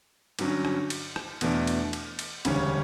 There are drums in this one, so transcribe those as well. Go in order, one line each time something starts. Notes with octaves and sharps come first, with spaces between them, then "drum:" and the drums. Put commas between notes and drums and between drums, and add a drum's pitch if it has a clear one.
G2 D3 F#3 C#4, drum: cymbal
drum: rim click
drum: cymbal
drum: rim click
E2 B2 A3 D4, drum: cymbal
drum: cymbal
drum: cymbal
drum: cymbal
E1 D2 C#3 G3 C#4, drum: cymbal